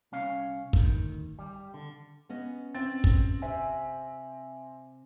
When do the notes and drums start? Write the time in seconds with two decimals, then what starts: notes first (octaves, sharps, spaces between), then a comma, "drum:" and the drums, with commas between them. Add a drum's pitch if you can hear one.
0.12 C2 C#4 F5
0.73 D2 D#3, drum: kick
1.39 G3
1.74 D3
2.29 B3 C#4 D#5
2.75 C4 A6
3.04 drum: kick
3.42 C3 E5 G#5